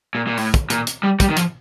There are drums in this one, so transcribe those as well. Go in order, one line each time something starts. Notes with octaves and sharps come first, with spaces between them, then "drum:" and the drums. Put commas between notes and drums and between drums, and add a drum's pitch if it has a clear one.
A#2
A#2
A2, drum: open hi-hat
drum: kick, hi-hat
A#2, drum: hi-hat
drum: hi-hat
G3
G3, drum: kick, hi-hat
D#3
F3, drum: hi-hat